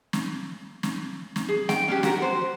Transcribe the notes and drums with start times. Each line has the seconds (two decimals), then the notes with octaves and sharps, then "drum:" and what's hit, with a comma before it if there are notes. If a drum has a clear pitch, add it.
0.13 drum: snare
0.83 drum: snare
1.36 drum: snare
1.48 G#4
1.69 G5, drum: snare
1.88 C#4 D4 G4
2.03 F#4 A#4, drum: snare
2.22 C5